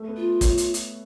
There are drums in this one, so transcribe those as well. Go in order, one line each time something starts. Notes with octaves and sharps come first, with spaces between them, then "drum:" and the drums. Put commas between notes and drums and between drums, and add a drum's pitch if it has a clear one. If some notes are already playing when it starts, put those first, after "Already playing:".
Already playing: A3
B3
F4
C#5, drum: kick, hi-hat
drum: hi-hat
drum: hi-hat